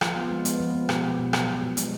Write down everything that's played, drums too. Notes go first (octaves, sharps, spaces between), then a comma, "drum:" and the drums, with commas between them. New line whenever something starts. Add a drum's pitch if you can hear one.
F3 F4, drum: rim click
B3
G#3
B3, drum: hi-hat
F3
B3
B2 G4, drum: rim click
B2
B2
F#3, drum: rim click
B2
B2
G#3, drum: hi-hat